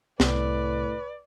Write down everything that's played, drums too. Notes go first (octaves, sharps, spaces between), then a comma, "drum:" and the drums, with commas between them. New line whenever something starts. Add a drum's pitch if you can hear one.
C2 A2 B4 D5, drum: snare